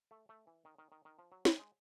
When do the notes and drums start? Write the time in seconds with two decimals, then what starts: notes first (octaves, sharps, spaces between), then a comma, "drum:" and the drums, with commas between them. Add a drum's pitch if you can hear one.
0.11 A3
0.29 A3
0.47 E3
0.65 D#3
0.78 D#3
0.92 D#3
1.05 D#3
1.19 F3
1.32 F#3
1.45 G3, drum: snare
1.59 G#3